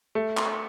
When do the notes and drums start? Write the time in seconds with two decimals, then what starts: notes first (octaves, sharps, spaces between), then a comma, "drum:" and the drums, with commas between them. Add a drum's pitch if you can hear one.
0.15 A3
0.37 drum: clap